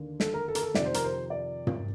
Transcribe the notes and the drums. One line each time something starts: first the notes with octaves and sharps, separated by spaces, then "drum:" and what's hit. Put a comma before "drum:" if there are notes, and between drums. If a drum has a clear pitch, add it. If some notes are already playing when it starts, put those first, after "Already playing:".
Already playing: D#2 D3
A4, drum: snare
A#4
A4
A#4, drum: hi-hat
A4
F2 C3 D#3 D5, drum: snare
C5
A#4, drum: hi-hat
C5
D5
drum: tom